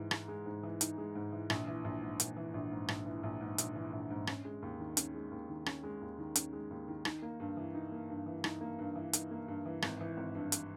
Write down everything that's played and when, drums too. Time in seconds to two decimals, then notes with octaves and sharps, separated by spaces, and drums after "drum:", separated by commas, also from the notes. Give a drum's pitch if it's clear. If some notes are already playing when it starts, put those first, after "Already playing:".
Already playing: G#2 E3 G#3
0.11 D#4, drum: rim click
0.28 G#3
0.46 G#2
0.63 E3
0.81 D#4, drum: hi-hat
0.98 G#3
1.15 G#2
1.32 E3
1.50 A#1, drum: rim click
1.67 E3
1.85 A#1
2.02 G#2
2.20 A#1, drum: hi-hat
2.36 E3
2.54 A#1
2.71 G#2
2.88 A#1, drum: rim click
3.06 E3
3.23 A#1
3.41 G#2
3.58 A#1, drum: hi-hat
3.76 E3
3.93 A#1
4.10 G#2
4.27 C#4, drum: rim click
4.45 G#3
4.62 D#2
4.79 D#3
4.97 C#4, drum: hi-hat
5.14 G#3
5.31 D#2
5.49 D#3
5.66 C#4, drum: rim click
5.83 G#3
6.01 D#2
6.18 D#3
6.36 C#4, drum: hi-hat
6.53 G#3
6.70 D#2
6.88 D#3
7.05 D#4, drum: rim click
7.22 A#3
7.40 G2
7.57 E3
7.75 D#4
7.92 A#3
8.10 G2
8.26 E3
8.44 D#4, drum: rim click
8.61 A#3
8.79 G2
8.95 E3
9.13 D#4, drum: hi-hat
9.31 A#3
9.48 G2
9.65 E3
9.82 G#1, drum: rim click
10.01 E3
10.17 G#1
10.35 G2
10.52 drum: hi-hat